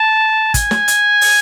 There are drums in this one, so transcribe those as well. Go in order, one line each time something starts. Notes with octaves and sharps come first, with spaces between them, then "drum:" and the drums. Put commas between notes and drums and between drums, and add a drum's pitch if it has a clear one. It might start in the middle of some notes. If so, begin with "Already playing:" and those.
Already playing: A5
G#5, drum: kick, hi-hat
drum: snare
drum: hi-hat
drum: open hi-hat